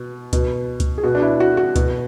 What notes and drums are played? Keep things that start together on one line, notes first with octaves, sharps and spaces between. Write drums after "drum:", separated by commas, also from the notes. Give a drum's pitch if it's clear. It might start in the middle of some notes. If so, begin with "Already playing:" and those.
Already playing: B2
B2, drum: kick C#2, hi-hat
drum: kick C#2, hi-hat
G#4
B2 F#4
D4
E4
F#4
F#4
B2, drum: kick C#2, hi-hat